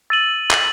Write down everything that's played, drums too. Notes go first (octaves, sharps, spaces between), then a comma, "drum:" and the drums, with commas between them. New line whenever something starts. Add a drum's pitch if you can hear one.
E6 A6 D#7 F#7
drum: clap